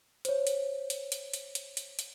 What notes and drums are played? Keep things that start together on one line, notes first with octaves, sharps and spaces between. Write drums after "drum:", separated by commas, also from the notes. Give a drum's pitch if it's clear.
C5 C#5, drum: hi-hat
drum: hi-hat
drum: hi-hat
drum: hi-hat
drum: hi-hat
drum: hi-hat
drum: hi-hat
drum: hi-hat